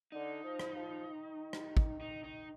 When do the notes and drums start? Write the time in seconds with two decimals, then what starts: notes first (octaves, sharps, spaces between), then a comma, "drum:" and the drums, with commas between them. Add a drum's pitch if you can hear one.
0.12 D3 D#4
0.44 F3
0.59 drum: rim click
0.75 F3
1.07 D#3
1.53 drum: rim click
1.77 drum: kick
2.00 D#4
2.24 D#4